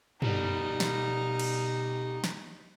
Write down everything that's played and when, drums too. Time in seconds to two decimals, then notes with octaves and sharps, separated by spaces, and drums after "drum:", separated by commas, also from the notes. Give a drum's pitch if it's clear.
0.22 B2 G3 D#4, drum: tom
0.80 drum: snare
1.40 drum: cymbal
2.24 drum: snare